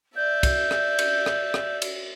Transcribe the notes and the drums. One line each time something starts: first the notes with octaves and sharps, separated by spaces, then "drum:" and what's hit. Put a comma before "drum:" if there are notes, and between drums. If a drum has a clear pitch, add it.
D5 E5 G6
drum: kick, cymbal
drum: rim click
drum: cymbal
drum: rim click
drum: rim click
drum: cymbal